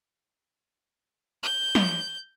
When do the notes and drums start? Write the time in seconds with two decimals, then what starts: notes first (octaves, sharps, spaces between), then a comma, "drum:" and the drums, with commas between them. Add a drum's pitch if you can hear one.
1.43 G6
1.75 drum: snare